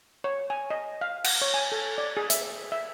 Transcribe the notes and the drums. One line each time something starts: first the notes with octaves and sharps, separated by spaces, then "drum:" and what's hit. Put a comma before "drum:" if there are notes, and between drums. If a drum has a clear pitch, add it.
C#5
G#5
D#5
F5
F#5, drum: cymbal
C#5
G#5
A4
D5
G#4
E5, drum: hi-hat
E5